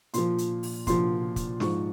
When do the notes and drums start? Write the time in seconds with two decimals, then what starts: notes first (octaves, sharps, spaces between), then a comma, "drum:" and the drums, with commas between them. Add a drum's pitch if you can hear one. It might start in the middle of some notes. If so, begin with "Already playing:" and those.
0.14 A#2 F3 C6, drum: hi-hat
0.38 drum: hi-hat
0.63 drum: open hi-hat
0.87 A#2 F3 C6, drum: kick, hi-hat
1.36 drum: kick, hi-hat
1.60 G#2 F3 C#6, drum: snare